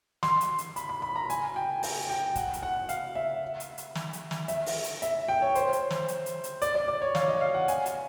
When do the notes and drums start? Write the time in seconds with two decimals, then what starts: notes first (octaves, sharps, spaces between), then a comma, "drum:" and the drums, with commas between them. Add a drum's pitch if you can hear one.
0.23 C6, drum: snare
0.41 drum: hi-hat
0.58 drum: hi-hat
0.76 B5, drum: hi-hat
0.89 B5
1.02 B5
1.16 A#5
1.30 G#5, drum: hi-hat
1.56 G5
1.83 G5, drum: open hi-hat
2.09 G5
2.35 F#5, drum: kick, hi-hat
2.53 drum: hi-hat
2.63 F#5
2.89 F5, drum: hi-hat
3.15 E5
3.60 drum: hi-hat
3.78 drum: hi-hat
3.95 drum: snare
4.13 drum: hi-hat
4.31 drum: snare
4.48 E5, drum: hi-hat
4.66 drum: open hi-hat
4.84 drum: hi-hat
5.02 E5, drum: hi-hat
5.28 G5
5.42 C#5
5.55 C5, drum: hi-hat
5.73 drum: hi-hat
5.90 drum: snare
6.08 drum: hi-hat
6.26 drum: hi-hat
6.44 drum: hi-hat
6.62 D5, drum: hi-hat
6.75 D5
6.88 D5
7.02 C#5
7.15 F5, drum: snare
7.28 D#5
7.41 F5
7.54 F#5
7.68 G#5, drum: hi-hat
7.86 drum: hi-hat